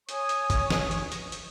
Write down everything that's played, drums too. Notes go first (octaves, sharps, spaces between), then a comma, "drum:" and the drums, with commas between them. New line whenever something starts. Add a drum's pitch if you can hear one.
C#5 G#5 C#6 D#6, drum: hi-hat
drum: hi-hat
drum: kick, hi-hat
drum: snare
drum: hi-hat
drum: hi-hat
drum: hi-hat